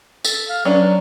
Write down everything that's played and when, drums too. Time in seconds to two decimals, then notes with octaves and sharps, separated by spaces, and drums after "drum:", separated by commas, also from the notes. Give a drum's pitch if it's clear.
0.24 A4, drum: tambourine
0.49 F5
0.65 F#3 C#4 D4 B4